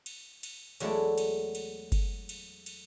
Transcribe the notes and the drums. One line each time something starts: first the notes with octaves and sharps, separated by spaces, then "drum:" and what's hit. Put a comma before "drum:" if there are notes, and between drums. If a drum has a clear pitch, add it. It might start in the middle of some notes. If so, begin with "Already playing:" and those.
drum: cymbal
drum: cymbal
E2 F#3 G#3 A3 E4 D5, drum: cymbal
drum: cymbal
drum: cymbal
drum: kick G1, cymbal
drum: cymbal
drum: cymbal